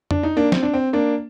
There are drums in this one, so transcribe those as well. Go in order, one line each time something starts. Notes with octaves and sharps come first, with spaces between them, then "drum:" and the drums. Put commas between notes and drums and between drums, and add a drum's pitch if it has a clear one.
D4, drum: tom F2
D#4
A#3 D4
C4, drum: snare
D4
C4
A#3 D4